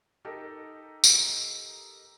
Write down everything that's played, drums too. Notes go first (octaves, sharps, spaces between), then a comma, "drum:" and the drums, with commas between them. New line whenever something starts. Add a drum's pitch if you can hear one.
D#4 G4 A4 A#4
drum: tambourine